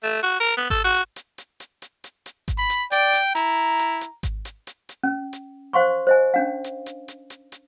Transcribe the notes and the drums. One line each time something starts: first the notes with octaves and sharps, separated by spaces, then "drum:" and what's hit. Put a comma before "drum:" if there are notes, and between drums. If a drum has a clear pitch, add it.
A3
F#4
A#4
B3
A4, drum: kick G#1
F#4
drum: hi-hat
drum: hi-hat
drum: hi-hat
drum: hi-hat
drum: hi-hat
drum: hi-hat
drum: hi-hat
drum: kick G#1, hi-hat
B5
drum: hi-hat
D5 G5, drum: hi-hat
drum: hi-hat
E4 A#5, drum: hi-hat
drum: hi-hat
drum: hi-hat
drum: kick G#1, hi-hat
drum: hi-hat
drum: hi-hat
drum: hi-hat
C#4
drum: hi-hat
C5 F5 C6 C#6
C5 D#5 G#5
C#4 D4 F5
drum: hi-hat
drum: hi-hat
drum: hi-hat
drum: hi-hat
drum: hi-hat